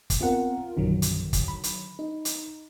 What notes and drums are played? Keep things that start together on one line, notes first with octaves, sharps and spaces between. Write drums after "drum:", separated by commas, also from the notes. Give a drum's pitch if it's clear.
drum: kick, hi-hat
B3 C4 F4 A#4 F#5
A#1 F#2 D3 D#3 F#3
drum: hi-hat
drum: kick, hi-hat
B5
drum: hi-hat
D#4
drum: hi-hat